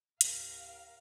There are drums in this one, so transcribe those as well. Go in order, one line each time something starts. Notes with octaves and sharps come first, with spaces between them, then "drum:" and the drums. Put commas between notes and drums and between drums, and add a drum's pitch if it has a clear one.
D#2 A2 A#4 F5, drum: hi-hat